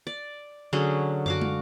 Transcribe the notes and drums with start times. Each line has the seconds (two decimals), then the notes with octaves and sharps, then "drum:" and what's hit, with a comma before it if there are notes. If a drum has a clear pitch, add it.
0.07 D5
0.73 D3 F#3 C#4 G#4
1.26 F#4 F5 D6, drum: tom
1.41 drum: tom